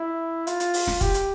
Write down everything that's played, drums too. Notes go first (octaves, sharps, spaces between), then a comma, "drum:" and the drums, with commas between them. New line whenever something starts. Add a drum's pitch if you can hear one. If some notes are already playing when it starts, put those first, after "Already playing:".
Already playing: E4
F4, drum: hi-hat
drum: hi-hat
drum: open hi-hat
drum: snare
G4, drum: kick, hi-hat
drum: hi-hat